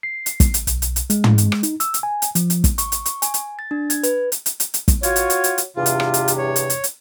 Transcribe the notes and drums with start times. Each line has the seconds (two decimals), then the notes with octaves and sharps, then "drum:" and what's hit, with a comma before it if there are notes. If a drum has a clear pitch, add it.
0.03 C7
0.26 drum: hi-hat
0.40 drum: kick, hi-hat
0.54 drum: hi-hat
0.67 B1, drum: hi-hat
0.82 drum: hi-hat
0.96 drum: hi-hat
1.10 G#3, drum: hi-hat
1.24 drum: tom
1.38 drum: hi-hat
1.52 drum: rim click
1.63 D#4, drum: hi-hat
1.80 E6, drum: hi-hat
1.94 drum: hi-hat
2.03 G#5
2.22 drum: hi-hat
2.35 F3, drum: hi-hat
2.50 drum: hi-hat
2.64 drum: kick, hi-hat
2.78 C#6, drum: hi-hat
2.92 drum: hi-hat
3.06 C#6, drum: hi-hat
3.22 G#5, drum: hi-hat
3.34 drum: hi-hat
3.59 A6
3.71 D4
3.90 G#6, drum: hi-hat
4.03 B4, drum: hi-hat
4.32 drum: hi-hat
4.46 drum: hi-hat
4.60 drum: hi-hat
4.74 drum: hi-hat
4.88 drum: kick, hi-hat
5.03 F4 F#4 C#5, drum: hi-hat
5.16 drum: hi-hat
5.30 drum: hi-hat
5.44 drum: hi-hat
5.58 drum: hi-hat
5.76 E2 G2 C3 F4
5.86 drum: hi-hat
6.00 drum: rim click
6.14 drum: hi-hat
6.28 drum: hi-hat
6.38 C#5
6.56 drum: hi-hat
6.70 drum: hi-hat
6.84 drum: hi-hat